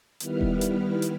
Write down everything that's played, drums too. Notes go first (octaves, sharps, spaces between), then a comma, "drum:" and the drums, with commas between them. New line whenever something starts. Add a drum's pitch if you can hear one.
D#3 G3 B3 E4 B4 F6, drum: hi-hat
drum: kick D#1
drum: hi-hat
drum: hi-hat